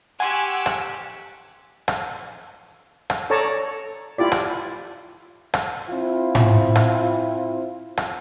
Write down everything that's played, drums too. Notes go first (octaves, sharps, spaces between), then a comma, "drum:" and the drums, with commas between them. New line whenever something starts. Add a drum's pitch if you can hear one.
G4 F#5 G#5 C6 C#6 E6 F#6
drum: rim click
drum: rim click
drum: rim click
A4 C#5 D5 A5 A#5
E4 F4 G4 D5
drum: rim click
drum: rim click
C4 E4 F4
drum: tom A2
drum: rim click
drum: rim click